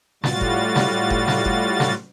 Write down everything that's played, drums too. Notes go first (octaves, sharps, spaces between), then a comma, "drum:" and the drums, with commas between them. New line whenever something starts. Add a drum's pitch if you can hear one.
A2 G3 F4 F#4 A6, drum: snare
drum: kick F#1
drum: snare
drum: kick F#1
drum: snare
drum: kick F#1
drum: snare